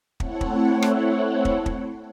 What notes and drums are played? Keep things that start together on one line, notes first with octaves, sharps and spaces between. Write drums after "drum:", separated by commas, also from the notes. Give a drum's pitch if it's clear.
A3 C4 E4 A4 C#5 F#5, drum: kick
drum: kick
drum: rim click
drum: kick
drum: kick